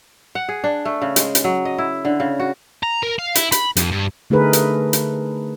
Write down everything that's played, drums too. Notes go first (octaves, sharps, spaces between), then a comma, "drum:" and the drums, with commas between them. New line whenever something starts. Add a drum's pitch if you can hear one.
F#5
G#4
D4
A3
C#3
G#3, drum: hi-hat
drum: hi-hat
F#3
D#5
E4
D3
C#3
F#4
A#5
A#4
F5
E4, drum: hi-hat
B5, drum: hi-hat
F2, drum: hi-hat
G2
D3 A3 D#4 G#4 A#4 B4
drum: hi-hat
drum: hi-hat